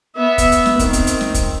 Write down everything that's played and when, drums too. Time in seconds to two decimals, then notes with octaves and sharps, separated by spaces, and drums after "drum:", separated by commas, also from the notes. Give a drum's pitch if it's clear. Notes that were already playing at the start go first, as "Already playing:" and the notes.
0.17 B3 E5
0.38 drum: kick, hi-hat
0.52 drum: hi-hat
0.66 drum: snare
0.79 D#3 C4, drum: kick, hi-hat
0.93 drum: kick, hi-hat
1.07 drum: hi-hat
1.21 drum: snare
1.34 drum: kick, hi-hat